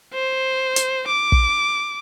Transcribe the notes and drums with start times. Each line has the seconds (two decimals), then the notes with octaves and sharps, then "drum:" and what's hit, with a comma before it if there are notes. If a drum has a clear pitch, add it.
0.14 C5
0.76 drum: hi-hat
1.07 D6
1.32 drum: kick